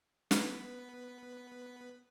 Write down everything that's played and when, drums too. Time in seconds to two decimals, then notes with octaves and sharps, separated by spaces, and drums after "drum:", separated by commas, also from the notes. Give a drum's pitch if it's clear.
0.31 B3 B4, drum: snare